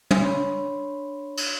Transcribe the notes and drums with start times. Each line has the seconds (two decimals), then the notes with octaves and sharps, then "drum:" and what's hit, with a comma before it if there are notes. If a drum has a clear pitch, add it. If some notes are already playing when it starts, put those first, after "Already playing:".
0.11 drum: tom
0.21 D4 C#5 B5 C6
1.37 drum: cymbal